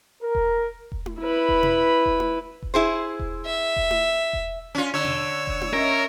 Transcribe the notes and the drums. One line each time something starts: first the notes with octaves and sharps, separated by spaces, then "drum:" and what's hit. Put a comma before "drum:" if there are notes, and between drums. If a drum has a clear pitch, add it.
A#4
drum: kick E1
drum: kick E1
drum: tom E4
E4 B4
drum: kick E1
drum: tom B2
drum: kick E1
drum: tom E4
drum: kick E1
E4 G#4 C5
drum: kick E1
E5
drum: kick E1
drum: tom E4
drum: kick E1
C#4 F4
D3 C#5 E6
drum: tom B2
drum: kick E1
drum: tom E4
C#4 A#4 D#5 E5